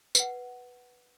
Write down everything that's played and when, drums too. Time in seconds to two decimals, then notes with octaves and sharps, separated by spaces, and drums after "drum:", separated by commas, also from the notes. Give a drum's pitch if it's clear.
0.15 B4 F#5, drum: tambourine